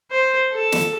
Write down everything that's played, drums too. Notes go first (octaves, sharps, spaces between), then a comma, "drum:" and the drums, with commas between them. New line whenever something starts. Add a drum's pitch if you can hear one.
C5
A4
drum: snare